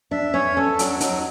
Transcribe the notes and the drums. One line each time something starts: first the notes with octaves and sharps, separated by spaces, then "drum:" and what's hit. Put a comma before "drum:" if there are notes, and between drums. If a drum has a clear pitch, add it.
D4 E5
C#4 C#5
C#4 A4
F#3 D4, drum: hi-hat
F#3 D#4, drum: hi-hat